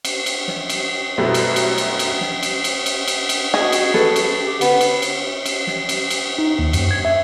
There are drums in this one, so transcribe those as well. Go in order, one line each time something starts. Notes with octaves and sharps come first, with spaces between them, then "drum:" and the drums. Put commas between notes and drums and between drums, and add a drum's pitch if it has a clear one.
drum: cymbal
drum: cymbal
drum: snare
drum: cymbal
F#2 B2 G3 A3 B3 E4
drum: cymbal
drum: cymbal
drum: cymbal
drum: cymbal
drum: snare
drum: cymbal
drum: cymbal
drum: cymbal
drum: cymbal
drum: cymbal
F#4 G#4 D#5
drum: cymbal
A4 B4, drum: snare
drum: cymbal
G4
D3 B3, drum: cymbal
drum: cymbal
drum: cymbal
drum: cymbal
drum: snare
drum: cymbal
drum: cymbal
D#4
D#2
F#2, drum: cymbal
G#6
E5